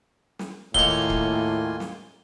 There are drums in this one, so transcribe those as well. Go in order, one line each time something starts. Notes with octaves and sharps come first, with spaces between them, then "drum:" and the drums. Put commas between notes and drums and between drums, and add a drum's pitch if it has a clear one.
drum: snare
D#2 A2 A#3 F4 C#5 G#5 G7, drum: kick
drum: kick
drum: snare